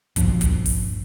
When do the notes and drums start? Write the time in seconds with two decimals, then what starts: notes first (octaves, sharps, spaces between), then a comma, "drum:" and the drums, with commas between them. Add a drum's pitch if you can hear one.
0.16 A#1 G2 F3, drum: kick, hi-hat
0.41 drum: kick, hi-hat
0.66 drum: open hi-hat